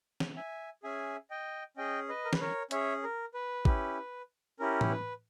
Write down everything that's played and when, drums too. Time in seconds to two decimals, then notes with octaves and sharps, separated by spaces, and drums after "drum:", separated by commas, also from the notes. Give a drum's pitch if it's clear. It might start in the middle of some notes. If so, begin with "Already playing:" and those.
0.20 drum: snare
0.36 E5 G#5
0.83 C#4 G#4 E5 G#5
1.30 D#5 G5
1.77 C#4 G#4 D#5 G5
2.09 B4 D#5
2.25 A#4
2.33 B4, drum: snare
2.41 A#4 C#5
2.71 C#4 G#4 C#5 E5, drum: hi-hat
3.03 A#4
3.34 B4
3.65 C#4 E4 G4, drum: kick G#1
4.59 C#4 E4 G4 A#4
4.81 drum: tom
4.91 B4